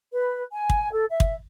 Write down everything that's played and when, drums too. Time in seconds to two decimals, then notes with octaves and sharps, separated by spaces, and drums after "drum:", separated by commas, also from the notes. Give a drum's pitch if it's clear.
0.13 B4
0.53 G#5
0.70 drum: kick
0.92 A4
1.10 E5
1.20 drum: kick